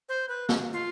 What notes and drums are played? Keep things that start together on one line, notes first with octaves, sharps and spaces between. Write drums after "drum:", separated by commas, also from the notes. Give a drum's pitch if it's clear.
C5
B4
drum: snare
F4